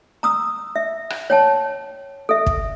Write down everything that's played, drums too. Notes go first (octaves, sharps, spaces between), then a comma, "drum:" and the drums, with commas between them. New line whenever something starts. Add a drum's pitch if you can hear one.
A#5 D#6 E6
E5
drum: rim click
C#5 G5 A5
A4 E5
drum: kick